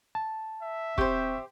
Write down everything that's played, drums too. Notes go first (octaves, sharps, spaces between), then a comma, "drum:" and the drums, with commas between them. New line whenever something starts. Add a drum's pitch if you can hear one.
A5
E5
C4 G4 C5 C#6 G6, drum: kick